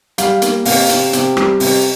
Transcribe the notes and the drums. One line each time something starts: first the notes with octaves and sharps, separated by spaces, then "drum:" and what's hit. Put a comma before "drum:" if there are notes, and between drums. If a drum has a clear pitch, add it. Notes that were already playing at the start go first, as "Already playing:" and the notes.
G3 F5, drum: hi-hat
A#3, drum: hi-hat
C3 F5, drum: open hi-hat
C3, drum: hi-hat
C3, drum: hi-hat
G3, drum: rim click
C3, drum: open hi-hat